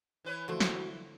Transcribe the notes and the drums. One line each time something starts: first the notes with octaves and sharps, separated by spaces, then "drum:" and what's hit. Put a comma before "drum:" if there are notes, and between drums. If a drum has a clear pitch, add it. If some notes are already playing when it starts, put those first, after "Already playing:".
E3 B4 C#5
D3 E3 F3 A3 F#4
drum: snare